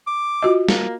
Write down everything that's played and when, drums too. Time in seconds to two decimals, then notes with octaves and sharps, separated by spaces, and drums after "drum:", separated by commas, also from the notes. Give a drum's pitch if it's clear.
0.07 D6
0.42 F4 F#4 D#5
0.68 A#3, drum: snare